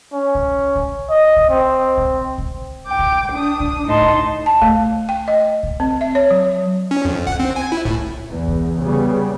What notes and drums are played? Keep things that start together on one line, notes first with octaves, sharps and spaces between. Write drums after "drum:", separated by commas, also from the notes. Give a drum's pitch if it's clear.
C#4
drum: kick C2
drum: kick C2
D#5
drum: kick C2
C4
drum: kick C2
drum: kick C2
G5 D6
drum: kick C2
D4 D#6
drum: kick C2
D2 A2 D#4 D#5 A5 C6
drum: kick C2
A5
A3, drum: kick C2
G5
D#5
drum: kick C2
C4
E5
C#5
F#3
C#4
F2
F#5, drum: kick C2
C4
G#5
E4
A2, drum: kick C2
E2
drum: kick C2
C#3 G3 B3